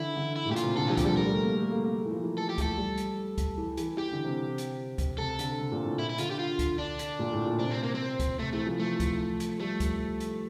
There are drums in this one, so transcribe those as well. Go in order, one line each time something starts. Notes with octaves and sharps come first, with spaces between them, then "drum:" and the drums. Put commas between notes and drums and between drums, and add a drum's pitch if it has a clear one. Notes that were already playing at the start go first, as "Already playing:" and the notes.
Already playing: D3 E3 E4
D3
E4
A2
A#2 G4
F4, drum: hi-hat
C3
D3 A4
F3 F4
G4, drum: kick C#2, hi-hat
G3 A4
A3 A#4
G3
A3
A#3
A3
A#3
A#3
A3
E3
F3
E3
A3 A4
G4
A3 A4, drum: kick C#2, hi-hat
G3
drum: hi-hat
drum: kick C#2, hi-hat
E3
E3, drum: hi-hat
E3 G4
D3
C3
drum: hi-hat
drum: kick C#2, hi-hat
C3 A4
D3, drum: hi-hat
C3
A#2
A2
E4
E4
D3 F4, drum: hi-hat
G4
F4
drum: kick C#2, hi-hat
D4
drum: hi-hat
A#2
A2
A#2
C3 D4
C4
A#3
C4
drum: kick C#2, hi-hat
C3 A3
E3 A3
F3
A3
drum: kick C#2, hi-hat
drum: hi-hat
G3 A3
drum: kick C#2, hi-hat
drum: hi-hat